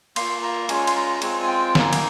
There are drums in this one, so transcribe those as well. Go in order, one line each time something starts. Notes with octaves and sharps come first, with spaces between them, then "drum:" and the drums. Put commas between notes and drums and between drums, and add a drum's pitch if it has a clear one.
A#3 F4 C6, drum: cymbal
A#5
G#3 C#4 F4 G#5, drum: cymbal
C6, drum: cymbal
A#5
G#3 C4 F4 G#5, drum: cymbal
G#5
G5
A#3 D#4 G#5, drum: snare
drum: cymbal